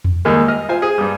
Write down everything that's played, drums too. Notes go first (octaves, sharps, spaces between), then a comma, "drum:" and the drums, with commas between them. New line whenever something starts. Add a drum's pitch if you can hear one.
drum: tom E2
D#2 D#3 G3 G#3 A#3
D#5 F6
F4 C5 G#5
G#4
G2 G3